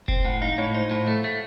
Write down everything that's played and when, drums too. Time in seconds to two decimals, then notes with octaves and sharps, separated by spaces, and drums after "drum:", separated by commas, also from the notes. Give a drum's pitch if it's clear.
0.08 C4, drum: kick
0.25 A2 F#5
0.41 D#4 F5
0.58 A2 C#5
0.74 D#4 C5
0.91 A2 C5
1.08 A3
1.24 A3